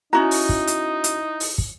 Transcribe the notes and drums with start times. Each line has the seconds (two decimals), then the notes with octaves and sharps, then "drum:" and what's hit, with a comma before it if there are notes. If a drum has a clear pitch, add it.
0.13 C#4 D#4 E4 F#4 A#5
0.31 drum: open hi-hat
0.49 drum: kick
0.67 drum: hi-hat
1.04 drum: hi-hat
1.40 drum: open hi-hat
1.58 drum: kick